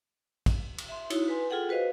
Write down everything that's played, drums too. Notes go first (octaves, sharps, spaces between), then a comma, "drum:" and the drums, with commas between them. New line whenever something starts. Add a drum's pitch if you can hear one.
drum: kick, cymbal
drum: cymbal
E5 C6
D#4 E4 F#4 C#5, drum: cymbal
B4 G#5 C6
F4 G#4 A4 F#5 G5
F#4 B4 C5 D#5 F5